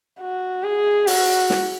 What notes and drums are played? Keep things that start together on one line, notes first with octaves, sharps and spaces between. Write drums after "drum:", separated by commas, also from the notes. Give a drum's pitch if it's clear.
F#4
G#4
F#4, drum: open hi-hat
drum: snare